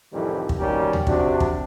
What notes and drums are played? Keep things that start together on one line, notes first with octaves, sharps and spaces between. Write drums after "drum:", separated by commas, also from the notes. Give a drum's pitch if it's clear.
C2 F2 A2 D#3 E3 G3
drum: kick
B2 D#3 G3 A#3 C#4 G4
drum: tom D#2
C3 D4 F#4, drum: kick
drum: kick